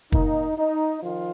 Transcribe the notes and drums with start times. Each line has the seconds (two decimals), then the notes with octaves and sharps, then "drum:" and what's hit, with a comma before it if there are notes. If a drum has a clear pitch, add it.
0.12 D#3 A#3 D#4, drum: kick
0.58 D#4
1.02 D#3 F3 F4